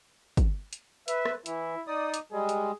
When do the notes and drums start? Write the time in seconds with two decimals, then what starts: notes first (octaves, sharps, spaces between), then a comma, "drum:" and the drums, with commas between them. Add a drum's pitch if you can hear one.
0.37 drum: kick, hi-hat
0.73 drum: hi-hat
1.08 B4 E5, drum: hi-hat
1.26 drum: rim click
1.46 E3 E4, drum: hi-hat
1.87 D#4 D5 D#6
2.14 drum: hi-hat
2.32 G3 G#3 G#4
2.49 drum: hi-hat